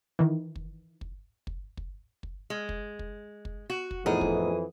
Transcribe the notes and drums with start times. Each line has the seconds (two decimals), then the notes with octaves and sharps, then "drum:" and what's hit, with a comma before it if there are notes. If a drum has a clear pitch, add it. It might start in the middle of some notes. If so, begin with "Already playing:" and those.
0.19 D#3 E3
0.56 drum: kick
1.01 drum: kick
1.47 drum: kick
1.77 drum: kick
2.23 drum: kick
2.50 G#3
2.69 drum: kick
2.99 drum: kick
3.45 drum: kick
3.70 F#4
3.91 drum: kick
4.06 F2 A2 E3 B3 D#4 G#4
4.21 drum: kick